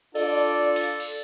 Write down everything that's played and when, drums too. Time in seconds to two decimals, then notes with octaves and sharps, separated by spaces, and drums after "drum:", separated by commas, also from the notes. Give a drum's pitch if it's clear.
0.15 D4 F4 A4 D5, drum: cymbal
0.76 drum: open hi-hat
1.00 drum: cymbal